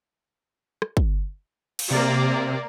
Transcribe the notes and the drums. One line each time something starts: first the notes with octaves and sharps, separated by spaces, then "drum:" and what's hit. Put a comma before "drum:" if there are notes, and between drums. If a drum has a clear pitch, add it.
drum: rim click
drum: kick
drum: cymbal
C3 A#3 A#4 D5